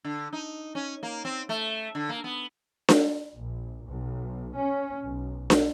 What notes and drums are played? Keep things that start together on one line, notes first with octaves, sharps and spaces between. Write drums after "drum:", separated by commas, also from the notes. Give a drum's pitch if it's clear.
D3
D#4
C#4
A#3
C4
A3
D3
A#3
B3
drum: snare D4
A#1
B1
C#4
B1
drum: snare D4